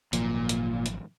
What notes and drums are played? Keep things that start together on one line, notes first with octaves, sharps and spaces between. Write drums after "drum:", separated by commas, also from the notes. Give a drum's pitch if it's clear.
G#1 A#2 F3 F#3, drum: hi-hat
drum: hi-hat
drum: hi-hat